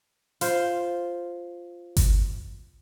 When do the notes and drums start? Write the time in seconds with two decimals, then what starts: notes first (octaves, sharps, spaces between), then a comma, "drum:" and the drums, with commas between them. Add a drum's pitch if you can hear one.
0.41 F4 C5, drum: hi-hat
1.97 drum: kick G1, hi-hat